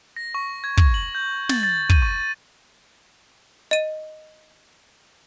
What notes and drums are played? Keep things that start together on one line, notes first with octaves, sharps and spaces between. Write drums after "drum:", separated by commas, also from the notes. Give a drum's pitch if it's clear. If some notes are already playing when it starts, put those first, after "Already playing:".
A#6
C#6
G#6
drum: kick
F#7
G6
A6, drum: snare
A6
D#7, drum: kick
C#6
D#5 D#7